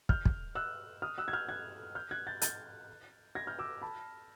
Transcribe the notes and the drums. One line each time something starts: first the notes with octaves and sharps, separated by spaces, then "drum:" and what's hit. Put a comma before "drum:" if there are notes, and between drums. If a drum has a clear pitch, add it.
F6 G6, drum: kick
drum: kick
E6 F#6
D#6 F6
E6 F#6
G#6
F6 G6
F#6 G#6
F6 G6
F#6 G#6
G6 A6
G6 A6, drum: hi-hat
G#6 A#6
F6 G6
D6 E6
A5 B5